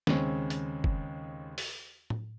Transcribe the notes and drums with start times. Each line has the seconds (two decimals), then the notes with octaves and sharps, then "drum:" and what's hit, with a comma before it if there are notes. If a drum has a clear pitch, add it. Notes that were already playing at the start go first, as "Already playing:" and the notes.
0.07 D#2 C#3 G#3 C4 C#4, drum: snare
0.50 drum: hi-hat
0.84 drum: kick
1.58 drum: open hi-hat
2.10 drum: tom A2